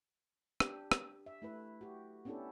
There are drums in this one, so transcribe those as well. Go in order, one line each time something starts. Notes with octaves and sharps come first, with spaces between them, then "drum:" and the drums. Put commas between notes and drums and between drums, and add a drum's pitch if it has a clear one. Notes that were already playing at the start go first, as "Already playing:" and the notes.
D4 G4, drum: rim click
drum: rim click
E5
A3 E4 B4
F#4 G4
B3 C#4 D4 E4 G4 A4